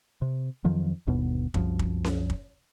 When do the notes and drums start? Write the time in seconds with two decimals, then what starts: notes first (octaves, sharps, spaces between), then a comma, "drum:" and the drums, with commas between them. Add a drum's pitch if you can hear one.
0.22 C3
0.64 F2 D#3 F3 F#3
1.07 G1 D#2 B2 B3
1.54 C2 F#2 F3, drum: kick
1.79 drum: kick
2.04 drum: snare C#4
2.30 drum: kick